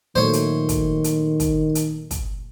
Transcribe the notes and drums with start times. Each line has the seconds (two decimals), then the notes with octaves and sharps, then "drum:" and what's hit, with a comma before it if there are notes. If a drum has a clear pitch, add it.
0.16 A#2 D#3 F#3 A3 C5 C#5
0.33 drum: hi-hat
0.69 drum: kick, hi-hat
1.04 drum: hi-hat
1.40 drum: kick, hi-hat
1.75 drum: hi-hat
2.11 drum: kick, hi-hat